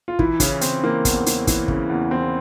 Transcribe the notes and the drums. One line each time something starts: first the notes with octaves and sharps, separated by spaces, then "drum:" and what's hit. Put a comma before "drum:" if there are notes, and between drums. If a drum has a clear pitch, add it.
F4
E3 E4, drum: kick
C#3 E3 C#4, drum: kick, hi-hat
C#3 C4, drum: hi-hat
E3 A#3
E2, drum: kick, hi-hat
E3, drum: hi-hat
E3, drum: kick, hi-hat
C#3, drum: kick
E2
E3 C4